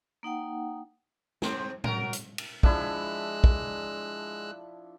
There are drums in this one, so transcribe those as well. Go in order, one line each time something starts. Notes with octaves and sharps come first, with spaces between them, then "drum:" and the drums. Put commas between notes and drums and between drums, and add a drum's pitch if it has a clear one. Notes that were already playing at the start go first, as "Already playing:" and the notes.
A#3 D#4 F#5 G5
G#2 C4, drum: snare
F#3 A#4, drum: tom A2
drum: hi-hat
drum: cymbal
F3 G#3 D4 E4 E6 F#6, drum: kick
drum: kick